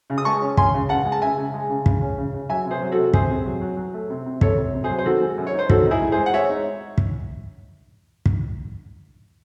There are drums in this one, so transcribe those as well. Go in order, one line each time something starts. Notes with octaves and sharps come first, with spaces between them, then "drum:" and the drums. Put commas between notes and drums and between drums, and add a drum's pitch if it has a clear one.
C#3
D#6
G#3 A5 C#6
C#4
C#4 G#5 C6, drum: kick
C#3
C#3 F#5 A5
G#3
A5
C#3 E5 G#5
C#3
G#3
C#3
C#3, drum: kick
C#4
C#3
C#3
F#3 E5 G#5
C3
G#4 C5
F#3
F#4 A4
C3
C3 G#4 C5, drum: kick
C3
F#3
F#3
F#3
A3
C3
C3
C3 A4 C#5, drum: kick
C3
C3
G#4 C5
F#3
C5
D#3 F#4 A4
G#3
F#2
C#5
D#4
C5
D#3 F#4 A4, drum: kick
D#4 E4 G#4
G#3
G#4 C5
G#3
F#5
G#3 C#5 E5
D#4
drum: kick
drum: kick